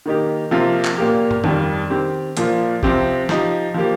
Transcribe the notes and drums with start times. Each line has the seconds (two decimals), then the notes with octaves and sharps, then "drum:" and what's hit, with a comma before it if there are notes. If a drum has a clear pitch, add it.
0.06 D#3 A#3 D#4 G4
0.51 C3 F3 A#3 F4
0.85 drum: clap
0.98 A#2 A#3 G4
1.31 drum: tom
1.44 F2 D#3 G3, drum: tom D#3
1.90 D#3 C4 G4
2.37 A#2 F3 A#3 F4, drum: hi-hat
2.83 C3 F3 C4 G4, drum: kick
3.29 F3 D#4 G4, drum: snare
3.74 F3 A#3 G4